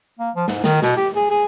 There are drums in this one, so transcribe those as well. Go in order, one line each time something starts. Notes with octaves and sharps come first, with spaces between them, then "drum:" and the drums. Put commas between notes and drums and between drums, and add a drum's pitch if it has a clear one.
A#3
F3
G#2, drum: snare
D#3, drum: snare
B2, drum: snare
G4
G#4
G#4